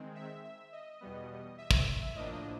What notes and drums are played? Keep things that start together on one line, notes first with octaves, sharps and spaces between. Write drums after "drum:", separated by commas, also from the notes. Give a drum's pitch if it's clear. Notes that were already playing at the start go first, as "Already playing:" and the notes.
Already playing: D#3 G#3 C4
E5
E5
D#5
E2 B2 G3 B3
E5
drum: kick
A2 F3 A#3 D4 D#5